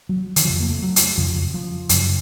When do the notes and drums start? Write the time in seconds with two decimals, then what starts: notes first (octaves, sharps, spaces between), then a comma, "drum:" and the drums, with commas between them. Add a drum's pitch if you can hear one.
0.09 F#3
0.36 D#3, drum: hi-hat
0.45 F2 C#3 F3
0.60 A#3
0.70 A3
0.82 F#3
0.96 drum: hi-hat
1.17 F2 C#3 F3
1.54 F3
1.89 F#2 C#3, drum: hi-hat